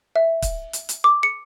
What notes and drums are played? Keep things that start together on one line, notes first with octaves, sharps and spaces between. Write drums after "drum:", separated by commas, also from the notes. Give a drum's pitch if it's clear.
E5
drum: kick, hi-hat
drum: hi-hat
drum: hi-hat
D6
C#7